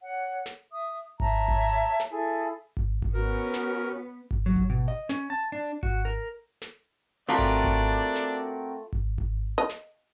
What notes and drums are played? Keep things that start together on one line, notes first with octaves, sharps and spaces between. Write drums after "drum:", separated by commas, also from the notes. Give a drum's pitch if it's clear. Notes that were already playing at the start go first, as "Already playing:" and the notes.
C#5 F#5
drum: snare
E5 D#6
C#5 E5 A5 A#5, drum: kick G#1
drum: kick G#1
drum: snare
E4 G#4 A4
drum: kick G#1
drum: kick G#1
B3 C#4 F#4 A#4
drum: snare
drum: kick G#1
F#3
drum: kick G#1
B2
D#5
C#4, drum: snare
A5
D4
F#4, drum: kick G#1
A#4
drum: snare
A3 C4 D4 F4 F#4 A#4 D5
drum: kick G#1
drum: kick G#1
drum: snare
drum: kick G#1
drum: kick G#1
D#5
drum: snare